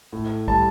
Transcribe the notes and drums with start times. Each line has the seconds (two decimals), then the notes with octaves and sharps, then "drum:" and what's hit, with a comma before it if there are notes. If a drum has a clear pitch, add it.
0.13 A2
0.48 G3 A5, drum: kick